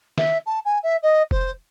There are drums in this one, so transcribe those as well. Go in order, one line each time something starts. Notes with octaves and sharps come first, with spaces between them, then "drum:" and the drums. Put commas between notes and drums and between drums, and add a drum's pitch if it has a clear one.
E5, drum: snare D#3
A5
G#5
E5
D#5
C5, drum: kick F1